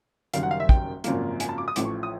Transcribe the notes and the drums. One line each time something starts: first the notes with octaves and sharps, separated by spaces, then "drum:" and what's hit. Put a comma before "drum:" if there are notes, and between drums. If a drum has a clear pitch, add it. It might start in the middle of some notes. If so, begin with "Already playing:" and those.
F#1 F#2 D#3 G3 F5, drum: hi-hat
F#5
F5
E5
G5, drum: kick
G#1 F#2 C#3 F3 A#3, drum: hi-hat
G#5, drum: hi-hat
A5
D6
D#6
A1 A2 F3 A3 D6, drum: hi-hat
C#6
D#6